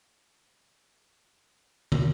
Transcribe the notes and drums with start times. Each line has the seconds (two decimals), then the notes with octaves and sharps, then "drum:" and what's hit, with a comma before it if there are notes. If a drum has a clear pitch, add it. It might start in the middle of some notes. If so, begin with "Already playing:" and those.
0.24 D#4
0.66 F#4
1.92 drum: tom